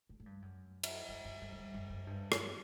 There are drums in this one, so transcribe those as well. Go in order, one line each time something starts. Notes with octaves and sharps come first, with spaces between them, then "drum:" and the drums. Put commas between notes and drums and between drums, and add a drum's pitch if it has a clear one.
A2
A2
G2
F#2
drum: cymbal
F#2
F#2
F#2
F#2
G2
F#2
F#2
G2
drum: rim click